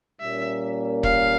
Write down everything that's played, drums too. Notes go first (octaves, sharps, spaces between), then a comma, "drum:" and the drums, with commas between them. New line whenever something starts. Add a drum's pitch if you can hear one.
A#2 G3 A#3 C#4 E5
F5, drum: kick E1